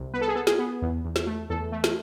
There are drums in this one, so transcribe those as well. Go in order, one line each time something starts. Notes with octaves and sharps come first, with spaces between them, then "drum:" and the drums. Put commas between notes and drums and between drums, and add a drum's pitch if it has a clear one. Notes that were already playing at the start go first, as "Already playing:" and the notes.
Already playing: C2
B3 B4
A4
G#4
B3 A4
G#4, drum: snare
B3
E2
E2
drum: snare
A3
E2 A4
A3
drum: snare